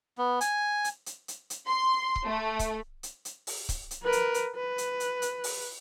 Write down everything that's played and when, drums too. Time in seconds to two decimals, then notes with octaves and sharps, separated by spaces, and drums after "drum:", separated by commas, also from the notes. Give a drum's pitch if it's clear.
0.18 B3
0.41 G#5, drum: hi-hat
0.84 drum: hi-hat
1.06 drum: hi-hat
1.28 drum: hi-hat
1.50 drum: hi-hat
1.68 C6
2.16 drum: kick C#1
2.26 A3
2.59 drum: kick C#1, hi-hat
3.03 drum: hi-hat
3.25 drum: hi-hat
3.47 drum: open hi-hat
3.69 drum: kick C#1, hi-hat
3.91 drum: hi-hat
4.03 A#4 B4
4.12 drum: hi-hat
4.34 drum: hi-hat
4.56 B4
4.78 drum: hi-hat
5.00 drum: hi-hat
5.22 drum: hi-hat
5.44 drum: open hi-hat